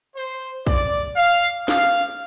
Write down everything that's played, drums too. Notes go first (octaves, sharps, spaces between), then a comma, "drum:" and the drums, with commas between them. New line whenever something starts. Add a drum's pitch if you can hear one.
C5
D5, drum: kick A#1
F5
F5, drum: snare